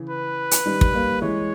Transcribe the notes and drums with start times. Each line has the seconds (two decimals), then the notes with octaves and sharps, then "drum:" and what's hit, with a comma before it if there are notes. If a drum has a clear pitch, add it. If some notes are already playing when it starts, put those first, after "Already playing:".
Already playing: C#3 E3
0.09 B4
0.51 drum: hi-hat
0.66 D#3 G3
0.81 drum: kick
0.94 G3 A#3
1.22 E3 G#3 C#5